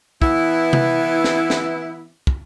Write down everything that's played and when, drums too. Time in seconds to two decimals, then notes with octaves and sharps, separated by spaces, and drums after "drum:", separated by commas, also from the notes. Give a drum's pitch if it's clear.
0.22 E3 B3 E4, drum: kick
0.73 drum: tom C3
1.24 drum: snare
1.50 drum: snare
2.27 drum: kick